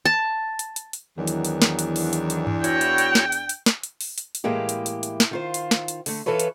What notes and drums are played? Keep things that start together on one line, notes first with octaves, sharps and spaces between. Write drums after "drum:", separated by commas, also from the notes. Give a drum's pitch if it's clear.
A5
drum: hi-hat
drum: hi-hat
drum: hi-hat
E2 D#3 E3 F#3 D4
drum: hi-hat
drum: hi-hat
drum: snare
drum: hi-hat
drum: open hi-hat
drum: hi-hat
drum: hi-hat
drum: tom G2
E4 F#4 C#5 G5, drum: hi-hat
drum: hi-hat
drum: hi-hat
drum: snare
drum: hi-hat
drum: hi-hat
drum: snare
drum: hi-hat
drum: open hi-hat
drum: hi-hat
drum: hi-hat
A2 E3 G#3 A#3 G4
drum: hi-hat
drum: hi-hat
drum: hi-hat
drum: snare
D#3 F4 C5
drum: hi-hat
drum: snare
drum: hi-hat
D3 A3, drum: open hi-hat
E3 F4 A4 B4 C#5
drum: hi-hat